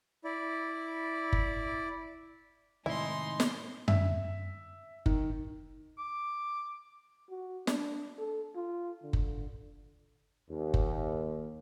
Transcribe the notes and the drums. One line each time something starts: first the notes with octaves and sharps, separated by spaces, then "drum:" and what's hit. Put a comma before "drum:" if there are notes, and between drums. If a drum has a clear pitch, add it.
E4 D5
drum: kick F#1
A2 C3 D#3 G#3 D#4 E4 C6
drum: snare
E5, drum: tom F#2
D#3, drum: kick F#1
D6
F#4
D4, drum: snare
A4
F4
D3
drum: kick F#1
D#2
drum: kick F#1